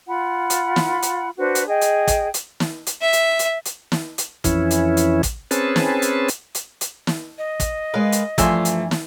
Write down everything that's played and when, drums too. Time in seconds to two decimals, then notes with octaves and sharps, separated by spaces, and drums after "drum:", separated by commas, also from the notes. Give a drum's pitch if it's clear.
0.07 F4 F#5 B5
0.50 drum: hi-hat
0.76 drum: snare
1.02 drum: hi-hat
1.37 D4 F#4 B4 C5
1.55 drum: hi-hat
1.66 G#4 D#5 G5
1.81 drum: hi-hat
2.08 drum: kick, hi-hat
2.34 drum: hi-hat
2.60 drum: snare
2.86 drum: hi-hat
3.01 E5
3.13 drum: hi-hat
3.39 drum: hi-hat
3.65 drum: hi-hat
3.92 drum: snare
4.18 drum: hi-hat
4.44 F2 E3 C#4 E4, drum: kick, hi-hat
4.71 drum: hi-hat
4.97 drum: hi-hat
5.23 drum: kick, hi-hat
5.51 C4 C#4 G#4 B4 A5, drum: hi-hat
5.76 drum: snare
6.02 drum: hi-hat
6.28 drum: hi-hat
6.55 drum: hi-hat
6.81 drum: hi-hat
7.07 drum: snare
7.38 D#5
7.60 drum: kick, hi-hat
7.94 G#3 A#4 B4 F5
8.12 drum: hi-hat
8.38 G2 E3 F3 A3 E5 G#5 A#5 C6, drum: kick, hi-hat
8.65 drum: hi-hat
8.91 drum: snare